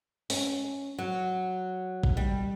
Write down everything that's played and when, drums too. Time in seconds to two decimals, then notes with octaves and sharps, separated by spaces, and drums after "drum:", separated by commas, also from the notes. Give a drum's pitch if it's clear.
0.30 C#4, drum: open hi-hat
0.98 F#3
2.04 drum: kick
2.17 G3